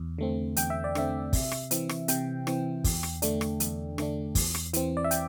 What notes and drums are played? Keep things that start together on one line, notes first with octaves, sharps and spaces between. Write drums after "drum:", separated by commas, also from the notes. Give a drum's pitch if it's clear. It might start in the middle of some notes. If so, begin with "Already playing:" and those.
Already playing: E2
D3 A3 C4
E2 G5, drum: hi-hat
E5
D5
D3 A3 C4 E5, drum: rim click
C3, drum: kick, open hi-hat
drum: rim click
E3 C4, drum: hi-hat
drum: rim click
C3 G5, drum: hi-hat
E3 C4, drum: rim click
E2, drum: kick, open hi-hat
drum: rim click
D3 A3 D4, drum: hi-hat
drum: rim click
E2, drum: hi-hat
D3 A3 D4, drum: rim click
E2, drum: kick, open hi-hat
drum: rim click
E3 C4, drum: hi-hat
D5
E5
G5, drum: hi-hat